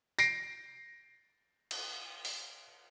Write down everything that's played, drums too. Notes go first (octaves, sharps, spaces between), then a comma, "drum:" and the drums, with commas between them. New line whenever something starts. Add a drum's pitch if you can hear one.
A#6 C7 D7, drum: tambourine
drum: cymbal
drum: open hi-hat